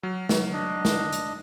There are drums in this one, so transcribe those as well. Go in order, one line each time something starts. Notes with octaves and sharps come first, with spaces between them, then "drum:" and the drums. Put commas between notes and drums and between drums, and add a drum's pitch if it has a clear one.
F#3 F6
F#3, drum: snare
D4 D#5
drum: snare
drum: hi-hat